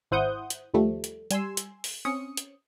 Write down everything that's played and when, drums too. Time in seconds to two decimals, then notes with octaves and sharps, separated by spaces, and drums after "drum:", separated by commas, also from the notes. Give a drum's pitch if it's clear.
0.11 G#1 E4 C5 F#5 D#6 G6
0.50 drum: hi-hat
0.74 D#2 F3 G3 A3
1.04 drum: hi-hat
1.31 G3 G#5 C6 E6, drum: hi-hat
1.57 drum: hi-hat
1.84 drum: open hi-hat
2.05 C4 C#4 D#6 C#7
2.37 drum: hi-hat